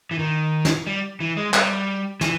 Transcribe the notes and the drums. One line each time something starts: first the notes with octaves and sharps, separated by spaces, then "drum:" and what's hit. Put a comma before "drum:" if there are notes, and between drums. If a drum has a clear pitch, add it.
E3
D#3
drum: snare
G3
E3
G#3
G3, drum: clap
E3, drum: snare